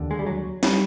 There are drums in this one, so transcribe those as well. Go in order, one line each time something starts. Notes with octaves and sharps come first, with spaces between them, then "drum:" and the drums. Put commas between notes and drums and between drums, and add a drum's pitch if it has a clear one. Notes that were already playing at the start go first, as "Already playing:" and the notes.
Already playing: D#2 D3
G#3
G3
F#3
G3, drum: snare